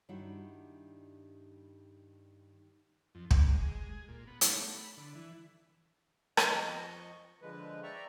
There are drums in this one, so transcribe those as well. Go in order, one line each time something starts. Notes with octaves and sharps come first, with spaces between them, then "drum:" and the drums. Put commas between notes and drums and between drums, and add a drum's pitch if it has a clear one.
G2 D#3 G3 D4 E4 F#4
F2
D4, drum: kick
G#3
G#4
A#2
B3
A3, drum: hi-hat
B5
D3
E3
F2 D#5 C#6, drum: rim click
D3 F3 G#3 B4
D5 E5 G5 A#5 C#6